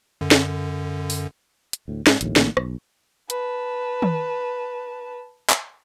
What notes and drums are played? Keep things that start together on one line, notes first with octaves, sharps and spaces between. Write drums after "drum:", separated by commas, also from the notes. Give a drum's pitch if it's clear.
F#2 D3
drum: snare
drum: open hi-hat
drum: hi-hat
D2 A2
G#2, drum: snare
A#1 D#2 A2, drum: hi-hat
A#1 A2 D#3 A#3, drum: snare
B1, drum: rim click
B4 A5, drum: hi-hat
drum: tom D#3
drum: clap